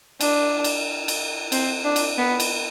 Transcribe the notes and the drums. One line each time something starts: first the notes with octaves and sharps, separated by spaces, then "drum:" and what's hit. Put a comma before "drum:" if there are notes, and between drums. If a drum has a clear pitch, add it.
D4, drum: cymbal
drum: cymbal
drum: cymbal
C4, drum: cymbal
D4
drum: cymbal
B3
drum: cymbal